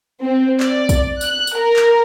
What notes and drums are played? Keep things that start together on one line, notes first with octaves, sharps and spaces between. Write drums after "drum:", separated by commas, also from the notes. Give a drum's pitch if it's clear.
C4
D5, drum: clap
drum: kick, tambourine
F#6, drum: tambourine
drum: tambourine
A#4
drum: clap